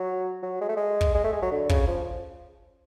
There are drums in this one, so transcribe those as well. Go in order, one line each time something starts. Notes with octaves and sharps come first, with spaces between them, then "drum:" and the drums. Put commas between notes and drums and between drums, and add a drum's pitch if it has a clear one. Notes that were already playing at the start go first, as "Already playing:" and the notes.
Already playing: F#3
F#3
G#3
A3
G#3
drum: kick
G#3
A3
G#3
F#3
D3
C#3, drum: kick
F3